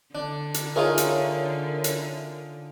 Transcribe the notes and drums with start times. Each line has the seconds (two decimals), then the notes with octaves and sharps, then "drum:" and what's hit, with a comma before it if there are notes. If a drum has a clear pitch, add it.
0.15 D3 D4
0.54 drum: hi-hat
0.76 D#4 F4 G#4 A#4 C#5 E5
0.98 drum: hi-hat
1.84 drum: hi-hat